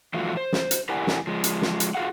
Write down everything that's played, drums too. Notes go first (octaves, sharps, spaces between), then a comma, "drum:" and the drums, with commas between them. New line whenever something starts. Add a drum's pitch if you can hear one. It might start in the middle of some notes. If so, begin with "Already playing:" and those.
E3 F3 G#3 A3 F4 F#4
C5
drum: snare
drum: hi-hat
E4 G4 A#4 D5 F#5 G#5
drum: snare
F3 G#3
drum: hi-hat
drum: snare
drum: hi-hat
F4 F#4 G#4 F5 F#5